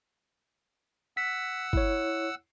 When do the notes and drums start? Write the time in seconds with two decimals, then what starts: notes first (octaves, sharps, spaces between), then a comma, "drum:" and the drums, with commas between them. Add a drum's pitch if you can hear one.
1.17 F#5 E6 B6
1.73 E4 C#5, drum: kick